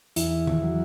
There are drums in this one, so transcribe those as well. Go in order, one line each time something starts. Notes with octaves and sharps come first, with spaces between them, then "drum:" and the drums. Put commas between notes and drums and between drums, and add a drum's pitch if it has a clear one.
E2 E4, drum: hi-hat
drum: tom D#3
F#3